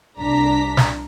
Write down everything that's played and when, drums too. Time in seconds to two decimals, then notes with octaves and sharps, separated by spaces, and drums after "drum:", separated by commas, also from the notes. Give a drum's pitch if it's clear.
0.20 C2 D4 A#5 B6
0.77 drum: snare